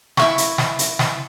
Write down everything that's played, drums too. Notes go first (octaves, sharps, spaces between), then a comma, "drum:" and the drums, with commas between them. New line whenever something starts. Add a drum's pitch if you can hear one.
E4 E5 C#6, drum: snare
drum: hi-hat
drum: snare
drum: hi-hat
drum: snare